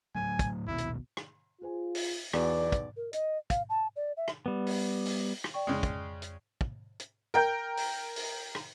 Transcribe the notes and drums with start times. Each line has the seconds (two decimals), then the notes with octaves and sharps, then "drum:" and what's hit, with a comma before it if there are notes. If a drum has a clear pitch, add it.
0.15 A2 F#3 A3 G#5
0.39 drum: kick, hi-hat
0.67 A#1 D#2 B2 E4
0.78 drum: hi-hat
1.17 drum: rim click
1.62 F4 G#4 C5 G#5
1.95 drum: open hi-hat
2.33 B1 E2 B3 F#4 B4 D5, drum: rim click
2.72 drum: kick, hi-hat
2.97 A#4
3.13 D#5, drum: hi-hat
3.50 F5, drum: kick, hi-hat
3.69 A5
3.96 D5
4.17 E5
4.28 drum: rim click
4.46 G3 B3
4.67 drum: open hi-hat
5.05 drum: open hi-hat
5.44 drum: rim click
5.54 D5 G5 C#6
5.67 F2 C#3 G#3
5.83 drum: kick, hi-hat
6.22 drum: hi-hat
6.61 drum: kick
7.00 drum: hi-hat
7.34 A#4 G5 G6
7.77 drum: open hi-hat
8.16 drum: open hi-hat
8.55 drum: rim click